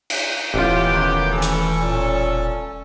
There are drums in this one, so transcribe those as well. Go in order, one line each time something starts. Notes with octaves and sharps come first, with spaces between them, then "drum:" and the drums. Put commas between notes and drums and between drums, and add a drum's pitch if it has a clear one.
drum: cymbal
E1 A1 B3 C#4 F4 G4
D#3
E3 C#4 A4
drum: hi-hat
A#2